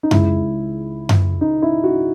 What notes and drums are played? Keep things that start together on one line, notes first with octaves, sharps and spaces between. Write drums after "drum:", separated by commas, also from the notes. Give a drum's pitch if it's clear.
D#4
C#2 C#3 G#3 E4, drum: tom F#2
drum: tom F#2
D#4
E4
F#4